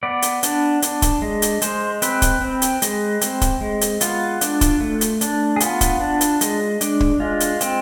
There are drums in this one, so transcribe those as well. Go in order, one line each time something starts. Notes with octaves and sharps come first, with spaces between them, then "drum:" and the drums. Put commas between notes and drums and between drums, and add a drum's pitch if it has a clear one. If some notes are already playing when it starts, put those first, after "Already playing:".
B3 D5
drum: hi-hat
D4, drum: hi-hat
D4, drum: hi-hat
drum: kick, hi-hat
G#3
drum: hi-hat
G#3 C5, drum: hi-hat
C4 B4, drum: hi-hat
drum: kick, hi-hat
C4
drum: hi-hat
G#3, drum: hi-hat
C4, drum: hi-hat
drum: kick, hi-hat
G#3
drum: hi-hat
B3 F4, drum: hi-hat
D4, drum: hi-hat
drum: kick, hi-hat
A3
drum: hi-hat
D4, drum: hi-hat
G#4
B3 F4, drum: hi-hat
drum: kick, hi-hat
D4
drum: hi-hat
G#3, drum: hi-hat
D4, drum: hi-hat
drum: kick
G#3 F4
drum: hi-hat
C4, drum: hi-hat